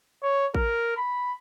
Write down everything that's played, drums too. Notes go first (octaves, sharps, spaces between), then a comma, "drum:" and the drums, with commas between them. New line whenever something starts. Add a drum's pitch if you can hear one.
C#5
A#4, drum: kick A1
B5